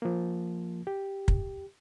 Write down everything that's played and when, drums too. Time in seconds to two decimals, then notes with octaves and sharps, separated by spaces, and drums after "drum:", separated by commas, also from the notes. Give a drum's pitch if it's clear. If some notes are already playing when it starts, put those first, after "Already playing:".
0.02 F3 A#3
0.87 G4
1.28 drum: kick